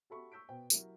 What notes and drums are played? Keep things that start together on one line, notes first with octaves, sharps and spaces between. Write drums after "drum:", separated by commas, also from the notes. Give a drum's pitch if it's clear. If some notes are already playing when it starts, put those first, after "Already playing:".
F#4 G4 A4 E5 B5 C#6
C#6 E6 G6 B6 D7
B2 C5 G5
F#3 E4 F#4 G4 A#4, drum: tambourine